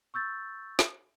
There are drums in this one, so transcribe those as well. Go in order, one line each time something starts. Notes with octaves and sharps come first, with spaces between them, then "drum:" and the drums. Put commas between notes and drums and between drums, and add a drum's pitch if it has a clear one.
C#6 E6 G6 A6
drum: snare